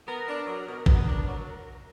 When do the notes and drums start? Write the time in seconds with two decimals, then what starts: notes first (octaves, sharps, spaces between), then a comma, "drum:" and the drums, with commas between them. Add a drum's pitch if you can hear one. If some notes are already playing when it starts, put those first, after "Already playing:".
0.08 B3 A#4
0.28 D4
0.47 F#3
0.68 B2
0.86 B3, drum: kick A1
1.07 D4
1.27 F#3